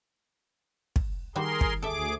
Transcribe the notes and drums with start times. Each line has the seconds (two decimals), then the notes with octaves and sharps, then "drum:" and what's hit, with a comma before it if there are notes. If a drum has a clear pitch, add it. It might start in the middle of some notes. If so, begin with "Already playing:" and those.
0.96 drum: kick
1.35 D#3 G3 F#4 G#4 A#4 C6
1.61 drum: kick
1.82 D2 G#4 A4 E5 D6